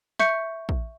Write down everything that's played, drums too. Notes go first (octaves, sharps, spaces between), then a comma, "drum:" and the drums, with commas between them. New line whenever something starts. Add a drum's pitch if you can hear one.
E5 C#6 G6 C#7, drum: snare
drum: kick